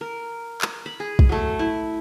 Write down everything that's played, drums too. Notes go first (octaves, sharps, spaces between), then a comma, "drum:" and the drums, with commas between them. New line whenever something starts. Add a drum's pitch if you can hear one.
A#4
drum: clap
B5
G#4
drum: kick
F#3 A3
E4